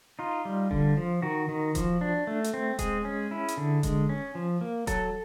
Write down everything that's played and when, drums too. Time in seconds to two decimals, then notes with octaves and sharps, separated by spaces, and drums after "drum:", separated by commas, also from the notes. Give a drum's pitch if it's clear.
0.19 D#4 F4
0.45 G3
0.71 D3, drum: kick D#1
0.97 F3
1.22 D#3 F#4
1.49 D#3
1.75 F3, drum: kick D#1, hi-hat
2.01 D4
2.27 A3
2.44 drum: hi-hat
2.54 C4
2.79 G#3 G#4, drum: kick D#1, hi-hat
3.05 C#4
3.31 E4
3.48 drum: hi-hat
3.57 D3
3.83 G#3, drum: kick D#1, hi-hat
4.09 C#4
4.35 F3
4.61 A#3
4.87 F#3 A4, drum: kick D#1, hi-hat